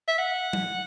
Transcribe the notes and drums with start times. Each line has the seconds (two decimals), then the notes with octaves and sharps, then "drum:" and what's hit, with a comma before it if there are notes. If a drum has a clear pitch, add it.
0.08 E5
0.18 F#5
0.53 drum: tom F#3